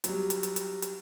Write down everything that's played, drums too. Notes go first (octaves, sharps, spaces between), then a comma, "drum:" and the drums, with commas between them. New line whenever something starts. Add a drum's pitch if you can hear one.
F#3 G3, drum: hi-hat
drum: hi-hat
drum: hi-hat
drum: hi-hat
drum: hi-hat